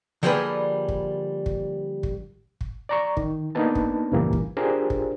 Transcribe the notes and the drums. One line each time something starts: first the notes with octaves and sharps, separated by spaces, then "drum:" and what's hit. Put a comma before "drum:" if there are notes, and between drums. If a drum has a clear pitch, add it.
D3 F3 G3 A#3 G#4 B4
drum: kick
drum: kick
drum: kick
drum: kick
D5 A#5 C#6
D#3, drum: kick
A#3 B3 D4 D#4 B4 A5
drum: kick
C#2 G2 A#2 E3 G3 A#3
drum: kick
D4 F4 G4 G#4 A#4 C5
drum: kick